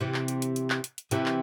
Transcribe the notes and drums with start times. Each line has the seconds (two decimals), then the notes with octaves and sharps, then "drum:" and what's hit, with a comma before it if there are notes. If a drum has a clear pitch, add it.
0.01 C3 E3
0.14 drum: clap
0.28 drum: hi-hat
0.42 drum: hi-hat
0.56 drum: hi-hat
0.70 drum: clap
0.84 drum: hi-hat
0.98 drum: hi-hat
1.11 C3 E3, drum: hi-hat
1.26 drum: clap